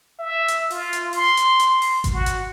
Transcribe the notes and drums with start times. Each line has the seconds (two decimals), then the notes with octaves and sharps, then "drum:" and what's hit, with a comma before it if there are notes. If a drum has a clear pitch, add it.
0.19 E5
0.48 drum: hi-hat
0.71 F4, drum: open hi-hat
0.93 drum: hi-hat
1.13 C6, drum: open hi-hat
1.37 drum: hi-hat
1.60 drum: hi-hat
1.82 drum: open hi-hat
2.04 drum: kick G#1, hi-hat
2.14 F#4
2.26 drum: hi-hat